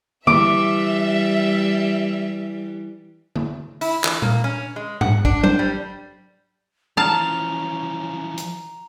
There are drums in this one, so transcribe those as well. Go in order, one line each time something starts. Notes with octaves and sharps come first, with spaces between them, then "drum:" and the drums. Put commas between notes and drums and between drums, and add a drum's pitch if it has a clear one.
E3 G3 E5 D6, drum: tom D3
drum: tom D3
E4, drum: open hi-hat
E3, drum: clap
A#3, drum: tom A#2
C#4
G#3
F#5, drum: tom G#2
D4, drum: kick A1
C5, drum: tom F#3
G3
E3 F3 C#4 F5 A5 A#5 F7
drum: hi-hat